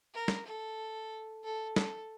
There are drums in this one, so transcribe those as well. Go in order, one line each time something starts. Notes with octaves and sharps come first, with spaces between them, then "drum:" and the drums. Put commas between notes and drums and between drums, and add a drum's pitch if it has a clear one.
A#4
drum: snare
A4
A4
A4, drum: snare